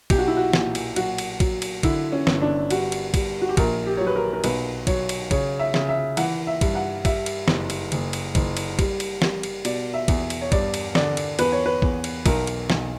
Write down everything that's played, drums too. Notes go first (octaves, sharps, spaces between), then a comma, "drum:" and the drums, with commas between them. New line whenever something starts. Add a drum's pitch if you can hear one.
B1 G4, drum: kick, cymbal
F#4
E4
F#4
A#2, drum: snare
drum: cymbal
F#3 F#4, drum: cymbal
drum: cymbal
F#3, drum: kick, cymbal
drum: cymbal
D3 E4, drum: kick, cymbal
C#4
G1, drum: snare
D4
G3 F#4, drum: cymbal
drum: cymbal
G3, drum: kick, cymbal
F#4
G4
A#1 A#4, drum: kick, cymbal
G4
F#3 C#5
B4
A#4
A#4
B1 B4, drum: cymbal
F#3 C#5, drum: kick, cymbal
drum: cymbal
C#3 C#5, drum: kick, cymbal
E5
C#3, drum: snare
E5
E3 F#5, drum: cymbal
E5
G2, drum: kick, cymbal
F#5
G3 E5, drum: kick, cymbal
drum: cymbal
F#1, drum: snare
drum: cymbal
F#1, drum: cymbal
drum: cymbal
F#1, drum: kick, cymbal
drum: cymbal
G3, drum: kick, cymbal
drum: cymbal
G3, drum: snare
drum: cymbal
B2 D5, drum: cymbal
E5
E2, drum: kick, cymbal
drum: cymbal
C#5
G2 D5, drum: kick, cymbal
drum: cymbal
D3 D5, drum: snare
drum: cymbal
E2 B4, drum: cymbal
C#5
B4
E2, drum: kick
drum: cymbal
B1 A#4, drum: kick, cymbal
drum: cymbal
B1, drum: snare